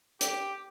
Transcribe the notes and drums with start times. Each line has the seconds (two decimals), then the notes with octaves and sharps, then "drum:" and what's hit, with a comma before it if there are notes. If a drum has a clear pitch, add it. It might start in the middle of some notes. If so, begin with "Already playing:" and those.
0.21 G4, drum: hi-hat